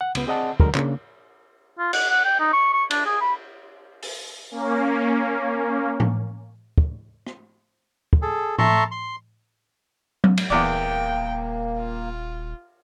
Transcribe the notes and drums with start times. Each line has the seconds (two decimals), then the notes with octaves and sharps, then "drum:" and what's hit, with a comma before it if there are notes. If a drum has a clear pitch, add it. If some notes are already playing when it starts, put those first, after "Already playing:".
0.01 F#5
0.15 C#2 B3, drum: cymbal
0.27 C4 G#4 D5 D#5 F#5 A5
0.60 D2 D3 F#3 G#3 A#4, drum: kick
0.75 C#3 A#3 D4, drum: clap
1.79 F4
1.93 F#5, drum: cymbal
2.10 F#5
2.25 G5
2.40 D#4
2.53 C#6
2.74 C#6
2.91 D4, drum: cymbal
3.06 G#4
3.21 B5
4.03 drum: open hi-hat
4.51 A#3 C#4
6.00 drum: tom A2
6.78 drum: kick
7.27 drum: rim click
8.13 drum: kick
8.22 G#4 A4
8.58 A3 E5 A5 A#5 C6 C#6, drum: tom A2
8.91 C6
10.24 drum: tom F#3
10.38 drum: cymbal
10.50 D#1 E2 A#3 D5 G5
11.79 F4